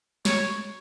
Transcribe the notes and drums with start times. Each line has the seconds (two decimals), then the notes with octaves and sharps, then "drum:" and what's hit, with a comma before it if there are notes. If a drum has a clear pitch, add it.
0.25 C#5, drum: snare